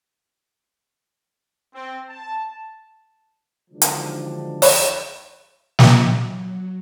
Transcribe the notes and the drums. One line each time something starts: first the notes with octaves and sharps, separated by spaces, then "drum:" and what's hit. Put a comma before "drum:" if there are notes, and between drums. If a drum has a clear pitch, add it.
C4
A5
D3 D#3 F3 F#3 G#3 D4
drum: hi-hat
drum: open hi-hat
F#3, drum: snare